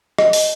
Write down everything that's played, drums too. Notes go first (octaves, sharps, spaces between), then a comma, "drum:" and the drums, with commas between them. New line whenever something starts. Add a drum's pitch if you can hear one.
D#5, drum: rim click
drum: open hi-hat